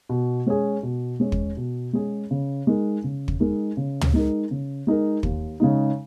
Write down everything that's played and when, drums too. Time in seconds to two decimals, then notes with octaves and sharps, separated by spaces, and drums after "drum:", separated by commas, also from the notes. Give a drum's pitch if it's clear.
0.09 B2
0.47 G#3 C#4 G#4
0.83 B2
1.20 G#3 C#4 G#4
1.32 drum: kick
1.57 B2
1.93 G#3 C#4 G#4
2.31 C#3
2.67 G#3 D#4 A#4
3.04 C#3
3.28 drum: kick
3.40 G#3 D#4 A#4
3.77 C#3
4.01 drum: tom
4.14 G#3 D#4 A#4
4.51 C#3
4.87 G#3 D#4 A#4
5.23 D#2, drum: kick
5.60 C#3 G#3 D#4